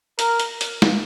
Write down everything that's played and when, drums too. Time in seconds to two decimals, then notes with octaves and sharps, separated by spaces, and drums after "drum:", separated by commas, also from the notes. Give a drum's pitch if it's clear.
0.19 A#4, drum: hi-hat
0.39 drum: hi-hat
0.61 drum: hi-hat
0.82 drum: snare